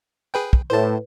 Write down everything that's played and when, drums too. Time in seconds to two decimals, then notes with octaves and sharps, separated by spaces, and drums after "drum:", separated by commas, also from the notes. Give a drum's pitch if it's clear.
0.34 G#4 B4 G5
0.53 drum: kick
0.70 A2 B4 C5 A5